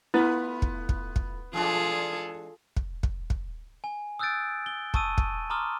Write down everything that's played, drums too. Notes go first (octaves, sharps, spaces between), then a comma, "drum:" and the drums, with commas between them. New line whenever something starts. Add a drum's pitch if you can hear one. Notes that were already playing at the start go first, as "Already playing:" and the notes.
A3 B3 E4 F4 B4
drum: kick
drum: kick
drum: kick
E3 G#3 D4 F4 G#4 A4
drum: kick
drum: kick
drum: kick
G#5
D#6 E6 F#6 G6 A6 D7
G7
A5 C#6 D#6 E6 D#7, drum: kick
drum: kick
A#5 C6 D6 D#6 F6 G7